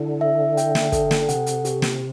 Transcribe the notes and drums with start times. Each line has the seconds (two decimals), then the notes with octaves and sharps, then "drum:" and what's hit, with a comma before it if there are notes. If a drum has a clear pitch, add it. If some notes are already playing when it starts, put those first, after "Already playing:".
Already playing: D3 E4
0.21 E5
0.57 G5, drum: hi-hat
0.75 drum: snare
0.92 A4, drum: kick, hi-hat
1.11 drum: snare
1.29 C3 F#5, drum: hi-hat
1.46 drum: hi-hat
1.65 G4, drum: hi-hat
1.82 drum: snare